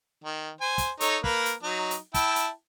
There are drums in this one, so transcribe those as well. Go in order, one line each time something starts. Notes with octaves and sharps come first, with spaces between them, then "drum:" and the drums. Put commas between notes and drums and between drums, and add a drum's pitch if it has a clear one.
D#3
C5 G#5
drum: kick, hi-hat
D#4 A4 C#5, drum: hi-hat
A#3 A#4 B4, drum: kick
drum: hi-hat
F#3 D#4
drum: hi-hat
E4 G5 A5, drum: kick, hi-hat
drum: hi-hat